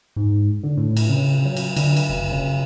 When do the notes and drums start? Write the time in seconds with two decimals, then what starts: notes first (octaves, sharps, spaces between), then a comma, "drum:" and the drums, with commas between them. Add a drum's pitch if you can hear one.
0.16 G#2
0.63 D3
0.77 A2
0.97 drum: cymbal
1.09 C#3
1.45 F#3
1.56 drum: cymbal
1.76 D3, drum: cymbal
1.96 drum: cymbal
2.09 F#1
2.32 C#3